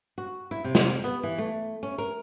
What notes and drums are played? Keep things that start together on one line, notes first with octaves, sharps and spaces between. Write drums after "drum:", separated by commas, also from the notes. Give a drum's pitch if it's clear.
F#4
E4
C3
drum: snare
B3
E3
A3
C#4
A#4